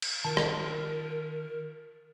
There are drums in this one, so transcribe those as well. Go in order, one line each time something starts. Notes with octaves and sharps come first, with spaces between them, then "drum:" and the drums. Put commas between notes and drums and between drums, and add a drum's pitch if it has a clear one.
drum: cymbal
D#3 F4 A#4 A5
drum: rim click